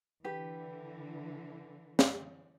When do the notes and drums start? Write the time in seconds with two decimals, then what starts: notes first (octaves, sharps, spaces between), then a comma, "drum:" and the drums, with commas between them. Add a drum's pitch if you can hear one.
0.24 D3 E3 G4 B4
1.99 drum: snare